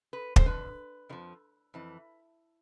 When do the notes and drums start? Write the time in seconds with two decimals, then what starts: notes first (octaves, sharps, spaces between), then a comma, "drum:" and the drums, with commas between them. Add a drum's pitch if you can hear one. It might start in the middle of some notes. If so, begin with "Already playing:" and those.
0.13 B4
0.36 C5, drum: kick
0.45 F2 D3 F3 B4
1.09 F2 D3 F3
1.74 F2 E3